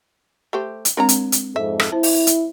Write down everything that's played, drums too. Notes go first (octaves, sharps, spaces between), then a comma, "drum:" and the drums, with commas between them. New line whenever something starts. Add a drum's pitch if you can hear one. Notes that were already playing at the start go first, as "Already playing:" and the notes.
A3 G4 C5
drum: hi-hat
G#3 C4 D4 A#4 C#5 A#5
drum: hi-hat
drum: hi-hat
F2 G#2 A4 E5
drum: rim click
E4 C5 A5
drum: open hi-hat
drum: hi-hat